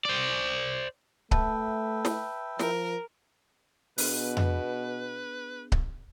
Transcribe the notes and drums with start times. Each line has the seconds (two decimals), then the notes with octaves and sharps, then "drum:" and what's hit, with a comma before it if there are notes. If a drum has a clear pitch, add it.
0.05 C5 D5
1.31 A3 B4 E5 G5 A5, drum: kick C#1
2.05 drum: snare
2.59 F3 A#4, drum: snare
3.98 B2 B3 D4 G#4 B4, drum: open hi-hat
4.37 drum: tom F2
5.72 drum: kick C#1